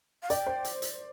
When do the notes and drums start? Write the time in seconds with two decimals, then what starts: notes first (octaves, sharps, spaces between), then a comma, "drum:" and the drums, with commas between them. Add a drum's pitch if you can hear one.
0.23 F5
0.30 D5 G5, drum: hi-hat
0.47 C5
0.64 drum: hi-hat
0.82 drum: hi-hat